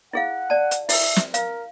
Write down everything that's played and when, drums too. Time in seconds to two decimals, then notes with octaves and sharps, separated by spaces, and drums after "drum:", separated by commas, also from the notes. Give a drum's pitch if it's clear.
0.13 E4 G#4 F5 F#5
0.50 D5 A5
0.71 drum: hi-hat
0.89 E4 E5, drum: open hi-hat
1.16 drum: snare
1.34 A#4 F5, drum: hi-hat